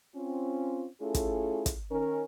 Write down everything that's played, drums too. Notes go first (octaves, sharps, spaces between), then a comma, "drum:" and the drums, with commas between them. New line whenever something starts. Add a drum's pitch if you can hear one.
C4 C#4 F4
A3 C#4 E4 F4 G#4 A4
drum: kick, hi-hat
drum: kick, hi-hat
D#3 C#4 A#4